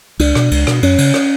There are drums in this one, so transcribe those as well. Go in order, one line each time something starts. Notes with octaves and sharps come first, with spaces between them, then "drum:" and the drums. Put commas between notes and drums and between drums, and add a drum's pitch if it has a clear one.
C#2 D4, drum: cymbal
B2, drum: rim click
C#2, drum: cymbal
B2, drum: rim click
F#2 C#4, drum: cymbal
C#3, drum: cymbal
drum: rim click